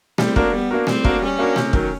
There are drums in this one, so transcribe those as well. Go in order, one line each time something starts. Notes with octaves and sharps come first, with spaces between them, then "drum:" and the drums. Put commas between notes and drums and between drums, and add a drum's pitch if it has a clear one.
G3 C4, drum: snare A3
A#3 D4 F#4 A#4, drum: kick
G3 B3
A#3 D4 F#4 A#4
G3 C4, drum: snare A3
A#3 D4 F#4 A#4, drum: kick
G3 C#4
A#3 D4 F#4 A#4
C3, drum: snare A3
D#3 F#3, drum: kick